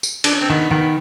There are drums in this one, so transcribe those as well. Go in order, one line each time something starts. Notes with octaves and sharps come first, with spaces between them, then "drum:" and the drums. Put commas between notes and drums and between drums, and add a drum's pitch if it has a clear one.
drum: tambourine
D4, drum: cymbal
C#4
C4
D#3 B3
D#3 B3